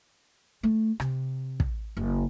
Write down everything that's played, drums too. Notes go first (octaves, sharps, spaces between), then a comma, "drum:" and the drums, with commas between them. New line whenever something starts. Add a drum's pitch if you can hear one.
A3
C3, drum: rim click
drum: kick
F#1